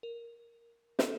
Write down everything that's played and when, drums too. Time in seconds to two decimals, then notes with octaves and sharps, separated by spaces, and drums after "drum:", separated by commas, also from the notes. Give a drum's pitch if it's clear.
0.03 A#4
0.99 A4, drum: snare